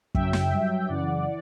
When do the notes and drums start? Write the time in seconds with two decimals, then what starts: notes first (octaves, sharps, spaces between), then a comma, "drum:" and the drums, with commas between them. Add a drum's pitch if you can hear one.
0.15 F#2 C#3 F#3 E5 G5, drum: kick
0.33 drum: snare
0.52 G2 F#3
0.88 F#2 C#3 E3 D5 F#5
1.25 E3